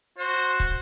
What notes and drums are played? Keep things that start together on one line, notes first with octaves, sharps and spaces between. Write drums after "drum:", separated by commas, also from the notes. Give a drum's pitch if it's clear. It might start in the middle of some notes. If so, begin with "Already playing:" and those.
F#4 C5
drum: kick